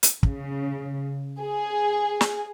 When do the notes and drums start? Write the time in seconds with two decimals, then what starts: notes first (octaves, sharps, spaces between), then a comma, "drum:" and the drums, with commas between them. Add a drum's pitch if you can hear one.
0.03 drum: hi-hat
0.23 C#3, drum: kick
1.40 G#4
2.21 drum: snare